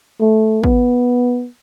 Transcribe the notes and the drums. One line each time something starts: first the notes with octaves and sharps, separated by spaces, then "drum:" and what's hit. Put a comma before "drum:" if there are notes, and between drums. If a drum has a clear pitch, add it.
A3
B3, drum: kick